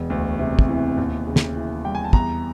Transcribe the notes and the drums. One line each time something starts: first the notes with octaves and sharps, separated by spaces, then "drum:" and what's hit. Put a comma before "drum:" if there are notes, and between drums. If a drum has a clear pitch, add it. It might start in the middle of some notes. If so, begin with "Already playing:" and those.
Already playing: E1
D2
C3
drum: kick
E3
D#2
C#3
drum: snare
E3
G3 G5
G#5
A5
E2 A#5, drum: kick